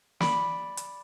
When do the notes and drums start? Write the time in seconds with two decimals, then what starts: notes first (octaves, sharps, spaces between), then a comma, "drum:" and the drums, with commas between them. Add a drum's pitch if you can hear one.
0.20 D5 B5, drum: snare
0.77 drum: hi-hat